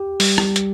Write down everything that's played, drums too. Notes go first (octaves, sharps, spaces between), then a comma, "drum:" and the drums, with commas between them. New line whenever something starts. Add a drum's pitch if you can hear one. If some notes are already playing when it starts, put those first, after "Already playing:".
Already playing: G4
G3, drum: open hi-hat
drum: rim click
drum: hi-hat